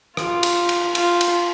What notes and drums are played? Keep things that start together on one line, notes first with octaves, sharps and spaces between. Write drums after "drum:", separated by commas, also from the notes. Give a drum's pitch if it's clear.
F4, drum: rim click
drum: cymbal
drum: cymbal
F4, drum: cymbal
drum: cymbal